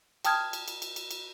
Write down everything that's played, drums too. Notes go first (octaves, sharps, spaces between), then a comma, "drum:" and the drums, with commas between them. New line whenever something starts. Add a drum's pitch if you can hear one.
G5 A5 D#6 F6 G#6, drum: cymbal
drum: cymbal
drum: cymbal
drum: cymbal
drum: cymbal
drum: cymbal